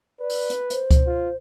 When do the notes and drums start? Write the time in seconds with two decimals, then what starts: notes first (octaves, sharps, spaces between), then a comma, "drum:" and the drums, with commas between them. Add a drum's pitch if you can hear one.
0.20 B4 D5
0.30 drum: open hi-hat
0.50 drum: hi-hat
0.70 C5, drum: hi-hat
0.91 drum: kick C#2, hi-hat
1.06 F4